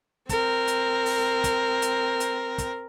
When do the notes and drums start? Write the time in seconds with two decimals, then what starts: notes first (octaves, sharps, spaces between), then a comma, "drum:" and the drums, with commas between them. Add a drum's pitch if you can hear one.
0.29 C4 A#4, drum: kick, hi-hat
0.68 drum: hi-hat
1.06 drum: open hi-hat
1.44 drum: kick, hi-hat
1.82 drum: hi-hat
2.20 drum: hi-hat
2.58 drum: kick, hi-hat